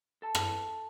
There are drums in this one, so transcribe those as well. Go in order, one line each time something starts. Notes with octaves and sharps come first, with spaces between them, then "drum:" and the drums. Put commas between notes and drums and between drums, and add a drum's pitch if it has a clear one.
A4 A5
drum: rim click